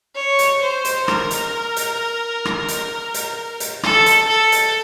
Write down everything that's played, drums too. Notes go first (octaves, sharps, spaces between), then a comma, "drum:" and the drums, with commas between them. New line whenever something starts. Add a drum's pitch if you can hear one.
C#5
drum: hi-hat
C5
drum: hi-hat
A#4, drum: rim click
drum: hi-hat
drum: hi-hat
drum: rim click
drum: hi-hat
drum: hi-hat
drum: hi-hat
A4, drum: rim click
drum: hi-hat
A4
drum: hi-hat